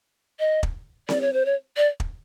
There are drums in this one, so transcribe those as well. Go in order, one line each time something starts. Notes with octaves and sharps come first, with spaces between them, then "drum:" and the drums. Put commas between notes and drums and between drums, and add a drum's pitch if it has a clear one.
D#5
drum: kick
D5, drum: snare C4
C#5
C5
C#5
D5
drum: kick